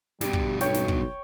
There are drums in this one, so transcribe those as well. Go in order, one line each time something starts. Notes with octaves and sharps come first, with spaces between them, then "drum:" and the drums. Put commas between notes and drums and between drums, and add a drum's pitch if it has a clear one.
G2 B2 G3, drum: snare
drum: kick
B1 C#5 G5, drum: snare
drum: snare
drum: kick